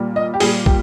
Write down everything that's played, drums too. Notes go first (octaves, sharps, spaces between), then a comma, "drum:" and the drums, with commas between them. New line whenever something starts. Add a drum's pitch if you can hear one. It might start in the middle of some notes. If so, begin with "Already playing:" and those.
Already playing: A#2 G3
D#5
G4
A#2 G3 G#4, drum: open hi-hat
G4, drum: kick